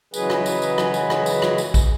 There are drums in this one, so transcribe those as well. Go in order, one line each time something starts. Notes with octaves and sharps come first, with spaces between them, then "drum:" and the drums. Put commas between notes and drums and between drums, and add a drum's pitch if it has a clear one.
C#3 E3 F#3 G#3 G#4 B4, drum: tambourine
drum: rim click
drum: tambourine
drum: tambourine
drum: rim click
drum: tambourine
drum: rim click
drum: tambourine
drum: rim click
drum: tambourine
drum: kick A#1, tambourine